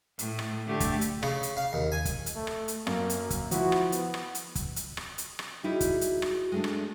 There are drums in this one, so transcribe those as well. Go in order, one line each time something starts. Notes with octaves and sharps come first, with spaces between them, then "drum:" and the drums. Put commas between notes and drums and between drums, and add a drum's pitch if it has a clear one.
A2, drum: hi-hat
drum: rim click
D3 A3 G4
drum: kick, hi-hat
drum: hi-hat
C#3, drum: rim click
drum: hi-hat
F5
D#2
G#5
drum: kick, hi-hat
drum: hi-hat
A3
drum: rim click
drum: hi-hat
F#2 A#3, drum: rim click
drum: hi-hat
drum: kick, hi-hat
F3 E4 F#4, drum: hi-hat
drum: rim click
B3, drum: hi-hat
drum: rim click
drum: hi-hat
drum: kick, hi-hat
drum: hi-hat
drum: rim click
drum: hi-hat
drum: rim click
G3 D#4 E4 F#4 G#4
drum: kick, hi-hat
drum: hi-hat
drum: rim click
G#3 A3 D4
drum: rim click